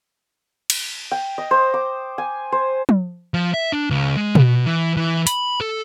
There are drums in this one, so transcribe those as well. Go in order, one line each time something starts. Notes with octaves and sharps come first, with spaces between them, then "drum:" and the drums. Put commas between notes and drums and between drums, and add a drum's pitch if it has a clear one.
drum: cymbal
G5
D#5
C5
D6
G#5
C5
drum: tom
F3
E5
D4
C#2
G#3
B2, drum: tom
E3
E3
B5, drum: hi-hat
A4